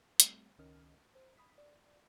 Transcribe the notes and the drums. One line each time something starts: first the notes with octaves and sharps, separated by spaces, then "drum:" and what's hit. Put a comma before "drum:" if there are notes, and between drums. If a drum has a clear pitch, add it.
G3 A3 C4, drum: hi-hat
C#2 D#3 C#4 A#4 D#5 F6
C5
B5 D#6 B6
D5